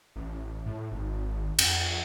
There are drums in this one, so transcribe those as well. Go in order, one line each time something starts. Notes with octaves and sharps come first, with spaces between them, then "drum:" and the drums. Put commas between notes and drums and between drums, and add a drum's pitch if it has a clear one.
A1
A2
G#1
F2, drum: cymbal